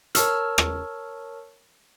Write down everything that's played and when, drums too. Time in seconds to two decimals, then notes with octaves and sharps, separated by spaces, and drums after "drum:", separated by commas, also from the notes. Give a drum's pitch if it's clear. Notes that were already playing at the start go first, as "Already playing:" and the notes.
0.15 A#4 C#5 A5 C#6 E6 F6, drum: hi-hat
0.58 drum: rim click